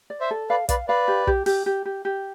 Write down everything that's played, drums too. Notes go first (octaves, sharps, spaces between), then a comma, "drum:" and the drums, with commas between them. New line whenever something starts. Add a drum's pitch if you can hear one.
D5
C5 E5
A4
B4 D5 F5
B4 D5 F5, drum: kick, hi-hat
B4 D5 F5
G4
G4, drum: kick
G4, drum: open hi-hat
G4
G4
G4